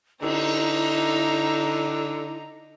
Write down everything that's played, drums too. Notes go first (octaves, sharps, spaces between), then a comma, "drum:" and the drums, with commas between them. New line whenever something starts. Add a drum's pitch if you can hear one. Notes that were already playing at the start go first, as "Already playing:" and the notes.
D3 D#4 E4 A#5, drum: cymbal